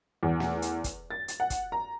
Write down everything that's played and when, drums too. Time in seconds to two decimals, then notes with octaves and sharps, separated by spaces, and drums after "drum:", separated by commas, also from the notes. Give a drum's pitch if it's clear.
0.23 E2
0.40 drum: snare
0.62 drum: hi-hat
0.84 drum: kick, hi-hat
1.11 A6
1.28 drum: hi-hat
1.40 F#5
1.50 drum: kick, hi-hat
1.72 A#5